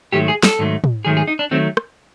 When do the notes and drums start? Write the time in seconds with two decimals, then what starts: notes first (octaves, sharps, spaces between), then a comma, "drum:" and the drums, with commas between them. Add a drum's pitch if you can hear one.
0.13 G#2 D#3 F#3 A3 G4
0.28 G#4
0.43 A4, drum: snare
0.59 G#2 D#3 F#3 A3
0.84 drum: tom
1.05 G#2 D#3 F#3 A3 G#4
1.17 G#4
1.28 D#4
1.39 D4
1.51 D#3 F#3 A3 C4
1.77 drum: rim click